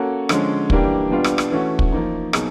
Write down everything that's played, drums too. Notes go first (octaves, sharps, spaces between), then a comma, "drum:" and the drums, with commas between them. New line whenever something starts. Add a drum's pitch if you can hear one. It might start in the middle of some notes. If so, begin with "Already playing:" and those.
Already playing: A#3 C#4 F#4 A4
D3 F3 G#3 C#4, drum: rim click
E3 G3 A#3 D4 G4, drum: kick
B2 G3 B3 D4 F4
drum: rim click
drum: rim click
E3 A3 C#4 F#4
drum: kick
F3 A#3 D#4
B2 F#3 A#3 D#4 G#4, drum: rim click